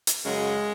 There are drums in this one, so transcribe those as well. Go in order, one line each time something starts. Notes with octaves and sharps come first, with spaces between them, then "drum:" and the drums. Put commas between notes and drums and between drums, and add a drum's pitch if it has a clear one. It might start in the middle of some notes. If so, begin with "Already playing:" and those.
drum: hi-hat
F#2 C#3 F#3 G#3